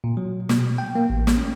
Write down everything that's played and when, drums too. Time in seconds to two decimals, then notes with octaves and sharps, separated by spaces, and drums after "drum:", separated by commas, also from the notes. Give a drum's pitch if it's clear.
0.04 A#2
0.17 F#3
0.49 B2, drum: snare
0.78 G5
0.95 A#3
1.10 A1
1.27 drum: snare
1.37 C#4